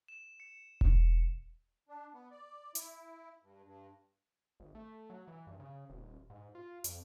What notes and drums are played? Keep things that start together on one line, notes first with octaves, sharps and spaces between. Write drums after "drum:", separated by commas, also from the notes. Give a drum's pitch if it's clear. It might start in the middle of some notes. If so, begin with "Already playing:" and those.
E7
C#7
drum: kick E1
D4
B3
D5
E4, drum: hi-hat
G2
G2
G#1
A3
F#3
E3
G2
C#3
D#1
G#2
F4
F2, drum: hi-hat